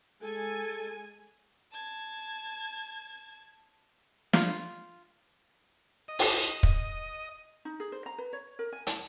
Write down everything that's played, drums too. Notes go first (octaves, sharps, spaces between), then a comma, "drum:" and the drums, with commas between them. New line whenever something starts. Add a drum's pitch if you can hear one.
G#3 A4 G#5
A5 G#6
F4, drum: snare
D#5
drum: open hi-hat
drum: kick
D#4
G#4
C5
A#5
B4
C#5
A#4
G#5
A5, drum: hi-hat